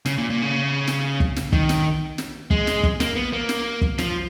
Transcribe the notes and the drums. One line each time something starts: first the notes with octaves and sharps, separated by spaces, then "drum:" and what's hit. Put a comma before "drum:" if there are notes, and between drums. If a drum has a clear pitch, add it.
C#3, drum: snare
A#2
A#2
C#3
drum: snare
drum: kick
drum: snare
D#3, drum: kick
drum: snare
drum: snare
G#3, drum: kick
drum: snare
drum: kick
A#3, drum: snare
B3
A#3
drum: snare
drum: kick
F3, drum: snare